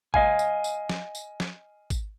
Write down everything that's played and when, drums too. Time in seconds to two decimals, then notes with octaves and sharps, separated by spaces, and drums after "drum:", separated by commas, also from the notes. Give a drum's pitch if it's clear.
0.14 D#5 F5 G#5, drum: kick
0.39 drum: tambourine
0.64 drum: tambourine
0.89 drum: snare
1.15 drum: tambourine
1.40 drum: snare
1.90 drum: kick, tambourine